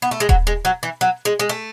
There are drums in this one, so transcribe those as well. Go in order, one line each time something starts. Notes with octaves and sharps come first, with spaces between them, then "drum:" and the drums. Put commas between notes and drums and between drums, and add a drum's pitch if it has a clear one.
B3
A3
G#3
F#3, drum: kick D#1
G#3
F#3
E3
F#3
G#3
G#3
A3